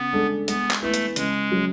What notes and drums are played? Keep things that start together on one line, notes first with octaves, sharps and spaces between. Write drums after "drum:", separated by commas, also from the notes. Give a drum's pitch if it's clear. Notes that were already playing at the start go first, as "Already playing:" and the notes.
Already playing: C#3 B3
G#3 D4 A4
G#3 B3, drum: hi-hat
drum: clap
A3 B3 E4 B4
drum: hi-hat
C#3 G#3, drum: hi-hat
F#3 C#4 G#4